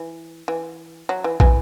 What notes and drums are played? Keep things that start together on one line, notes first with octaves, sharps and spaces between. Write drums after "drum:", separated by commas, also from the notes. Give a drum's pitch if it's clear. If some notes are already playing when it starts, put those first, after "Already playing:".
Already playing: E3
E3
F#3
E3
E3, drum: kick